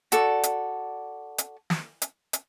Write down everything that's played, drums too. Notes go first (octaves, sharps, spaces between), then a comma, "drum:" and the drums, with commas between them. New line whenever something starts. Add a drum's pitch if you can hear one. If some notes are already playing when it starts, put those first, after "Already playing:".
F#4 A4 D5, drum: hi-hat
drum: hi-hat
drum: hi-hat
drum: snare
drum: hi-hat
drum: hi-hat